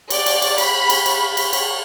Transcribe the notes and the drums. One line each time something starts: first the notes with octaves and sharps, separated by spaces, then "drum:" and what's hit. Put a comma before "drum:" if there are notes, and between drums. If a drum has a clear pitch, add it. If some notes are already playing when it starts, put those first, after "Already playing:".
D5, drum: cymbal
drum: cymbal
drum: cymbal
B5, drum: cymbal
drum: cymbal
B5, drum: cymbal
drum: cymbal
drum: cymbal